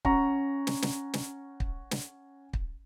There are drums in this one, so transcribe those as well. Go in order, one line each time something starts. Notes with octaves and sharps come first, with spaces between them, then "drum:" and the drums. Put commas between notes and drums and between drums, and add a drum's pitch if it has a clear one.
C#4 F#5 A#5 C#6, drum: kick
drum: snare
drum: snare
drum: snare
drum: kick
drum: snare
drum: kick